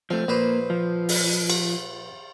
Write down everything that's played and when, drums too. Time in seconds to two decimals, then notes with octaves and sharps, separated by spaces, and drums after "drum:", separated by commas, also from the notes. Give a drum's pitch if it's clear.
0.10 F3 A3 C4
0.28 A#1 A#3 B4 C5
0.70 F3
1.09 drum: open hi-hat
1.50 drum: cymbal